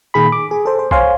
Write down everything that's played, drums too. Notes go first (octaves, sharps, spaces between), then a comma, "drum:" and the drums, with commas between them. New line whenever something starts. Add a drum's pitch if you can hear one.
A#2 D#3 G#4 B5
D6
G#4
A4 C5
C5
C5 C#5 F5 G#5 C6, drum: kick